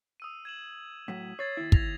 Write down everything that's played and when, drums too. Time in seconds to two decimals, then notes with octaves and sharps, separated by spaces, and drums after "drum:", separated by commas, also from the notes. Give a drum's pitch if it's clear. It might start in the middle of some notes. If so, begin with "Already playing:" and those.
0.20 D#6 E6 D#7
0.45 G#6 E7 F#7
1.08 A2 F#3 B6
1.39 C#5 G#6 A6 C7
1.57 D#2 E4
1.72 G#6 A#6 F7, drum: kick